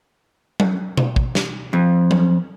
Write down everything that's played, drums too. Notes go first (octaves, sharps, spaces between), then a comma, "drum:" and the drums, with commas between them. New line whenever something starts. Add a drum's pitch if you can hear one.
drum: tom F#3
drum: tom B2
drum: kick
drum: snare
F2
drum: tom F#3